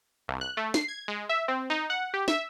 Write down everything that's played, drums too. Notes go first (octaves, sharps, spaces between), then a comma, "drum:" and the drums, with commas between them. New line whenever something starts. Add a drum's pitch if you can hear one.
C2
F#6
A3
C7, drum: snare
G#6
G#3
E5
C4
D#4
F#5
G4
E5, drum: snare